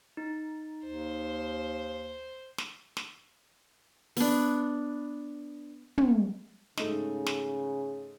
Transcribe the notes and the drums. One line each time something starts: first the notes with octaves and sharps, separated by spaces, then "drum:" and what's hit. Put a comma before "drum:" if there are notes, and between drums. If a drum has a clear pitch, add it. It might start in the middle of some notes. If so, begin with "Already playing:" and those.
D#4
D#2 C5
drum: snare
drum: snare
B3 D4, drum: open hi-hat
drum: tom
G#2 C#3 A3 D#4, drum: snare
drum: snare